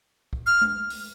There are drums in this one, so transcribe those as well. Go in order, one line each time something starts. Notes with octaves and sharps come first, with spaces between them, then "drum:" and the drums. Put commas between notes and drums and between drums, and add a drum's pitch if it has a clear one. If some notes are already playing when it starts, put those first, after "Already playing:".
drum: kick
F6
drum: tom G#3
drum: open hi-hat